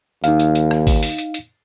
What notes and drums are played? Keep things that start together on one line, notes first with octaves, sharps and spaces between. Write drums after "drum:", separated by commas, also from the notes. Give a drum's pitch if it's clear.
D#2 D#4 F5, drum: hi-hat
drum: hi-hat
drum: hi-hat
drum: rim click
drum: kick G#1, open hi-hat
drum: open hi-hat
drum: hi-hat
drum: hi-hat